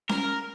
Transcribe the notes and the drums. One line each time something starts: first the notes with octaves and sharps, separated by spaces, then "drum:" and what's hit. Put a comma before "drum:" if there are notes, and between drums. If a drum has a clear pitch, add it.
A#4, drum: snare C#4